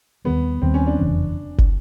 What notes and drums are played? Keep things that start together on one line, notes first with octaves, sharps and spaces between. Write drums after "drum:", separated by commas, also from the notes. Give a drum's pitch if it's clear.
D#2 D#3 G3 B3
D#2 D#3 G3 C4
C#4
D4
F1 E2 C#3 E3
drum: kick